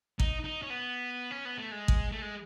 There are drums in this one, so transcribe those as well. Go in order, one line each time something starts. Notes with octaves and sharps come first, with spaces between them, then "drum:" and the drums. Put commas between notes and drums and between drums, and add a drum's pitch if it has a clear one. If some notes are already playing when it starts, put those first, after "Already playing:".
D#4, drum: kick
D#4
C#4
B3
C#4
B3
A3
G#3
drum: kick
A3
G#3